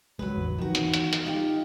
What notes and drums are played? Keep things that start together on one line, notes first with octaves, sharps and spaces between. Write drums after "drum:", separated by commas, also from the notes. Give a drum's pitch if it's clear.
C#2 F#3 G#3 B4
A1 E2 D3
D#3 F3 F#4
E3 B3, drum: hi-hat
drum: hi-hat
drum: hi-hat
D#4 F4 G4